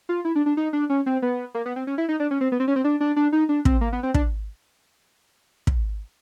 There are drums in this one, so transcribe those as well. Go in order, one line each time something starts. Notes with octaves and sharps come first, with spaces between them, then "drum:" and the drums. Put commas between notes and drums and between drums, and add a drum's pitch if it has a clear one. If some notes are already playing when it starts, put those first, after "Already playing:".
F4
E4
D4
D4
D#4
D4
C#4
C4
B3
A#3
B3
C4
C#4
E4
D#4
D4
C#4
C4
B3
C4
C#4
C4
D4
D4
D4
D#4
D4
C4, drum: kick
A#3
B3
C4
D4, drum: kick
drum: kick